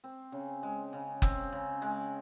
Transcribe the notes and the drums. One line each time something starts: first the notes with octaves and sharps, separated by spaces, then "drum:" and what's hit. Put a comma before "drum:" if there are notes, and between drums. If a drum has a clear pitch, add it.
C4
C#3
G#3
C#3
C4, drum: kick F#1
C#3
G#3